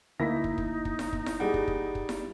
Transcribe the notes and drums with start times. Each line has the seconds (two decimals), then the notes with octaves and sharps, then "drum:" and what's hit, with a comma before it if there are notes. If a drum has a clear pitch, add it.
0.20 D2 A#3 D#4 E4 A#6 B6
0.44 drum: kick
0.58 drum: kick
0.85 drum: kick
0.99 drum: snare E4
1.13 drum: kick
1.26 drum: snare E4
1.40 G3 G#4 F#5
1.54 drum: kick
1.68 drum: kick
1.95 drum: kick
2.09 drum: snare E4